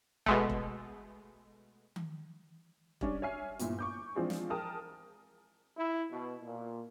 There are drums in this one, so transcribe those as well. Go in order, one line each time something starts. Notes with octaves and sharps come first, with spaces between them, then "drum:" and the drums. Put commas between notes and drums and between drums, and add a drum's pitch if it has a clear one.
B2 G#3 A3, drum: kick E1
drum: kick E1
drum: tom D#3
G3 C#4 D4, drum: kick E1
C#5 E5 G#5 F6 C7
G1 A#2 E4, drum: hi-hat
C#6 D6 G6
E3 F3 G#3 C4 D4 G#4
drum: snare
G#4 A#4 G5 A5 D#6 F6
E4
B2
A#2